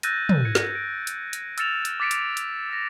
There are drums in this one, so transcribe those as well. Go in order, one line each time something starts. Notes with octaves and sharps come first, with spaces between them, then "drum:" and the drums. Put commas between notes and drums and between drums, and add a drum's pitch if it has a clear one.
E6 F#6 G6 A6 A#6 D#7, drum: hi-hat
drum: tom
G#6 C#7
drum: snare
D7
drum: hi-hat
drum: hi-hat
E6 F6 A6 C#7 E7 F7, drum: hi-hat
drum: hi-hat
D6 A6 B6 C#7 D7
drum: hi-hat
drum: hi-hat
E6 A#6